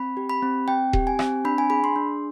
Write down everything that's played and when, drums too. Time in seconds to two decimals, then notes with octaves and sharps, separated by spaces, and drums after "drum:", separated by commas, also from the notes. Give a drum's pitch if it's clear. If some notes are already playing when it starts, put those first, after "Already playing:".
Already playing: C4 B5
0.17 G4
0.29 B5
0.43 C4
0.68 C4 G5
0.93 G4, drum: kick D#1
1.07 G#5
1.19 C4, drum: rim click
1.45 D4 B5
1.58 G#5
1.70 G#4 B5
1.84 C6
1.96 D4